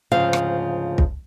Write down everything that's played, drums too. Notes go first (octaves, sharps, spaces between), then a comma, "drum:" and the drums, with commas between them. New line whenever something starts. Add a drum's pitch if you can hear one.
D2 G#2 C#3 F3 F5
drum: rim click
drum: kick